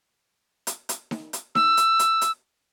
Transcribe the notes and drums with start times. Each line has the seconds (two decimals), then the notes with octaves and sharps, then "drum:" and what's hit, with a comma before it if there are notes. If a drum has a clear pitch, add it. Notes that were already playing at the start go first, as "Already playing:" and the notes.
0.67 drum: hi-hat
0.89 drum: hi-hat
1.11 drum: snare D#4
1.33 drum: hi-hat
1.55 E6, drum: snare D#4
1.77 drum: hi-hat
1.99 drum: hi-hat
2.21 drum: hi-hat